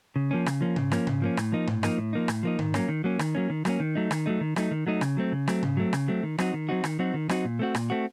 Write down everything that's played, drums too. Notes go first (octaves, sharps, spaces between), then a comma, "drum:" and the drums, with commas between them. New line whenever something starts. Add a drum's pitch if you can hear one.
C#3
F3 A#3 C#4
C#3, drum: rim click
F3 A#3 C#4
C#3, drum: tom G#2
F3 A#3 C#4, drum: rim click
C#3, drum: tom G#2
F3 A#3 C#4
A2, drum: rim click
F3 A#3 D#4
A2, drum: tom G#2
F3 A#3 D#4, drum: rim click
A2
F3 A#3 D#4
A2, drum: rim click
F3 A#3 D#4
D#3, drum: tom G#2
F#3 A#3 C#4, drum: rim click
D#3
F#3 A#3 C#4
D#3, drum: rim click
F#3 A#3 C#4
D#3
F#3 A#3 C#4, drum: rim click
D#3
F#3 A3 D#4
D#3, drum: rim click
F#3 A3 D#4
D#3
F#3 A3 D#4, drum: rim click
D#3
F#3 A3 D#4
C#3, drum: rim click
F#3 A3 C4
C#3
F#3 A3 C4, drum: rim click
C#3, drum: tom G#2
F#3 A3 C4
C#3, drum: rim click
F#3 A3 C4
D#3
F#3 C4 D#4 F#4, drum: rim click
D#3
F#3 C4 D#4 F#4
D#3, drum: rim click
F#3 C4 D#4 F#4
D#3
F#3 C4 D#4 F#4, drum: rim click
A#2
A3 C4 F#4
A#2, drum: rim click
A3 C4 F#4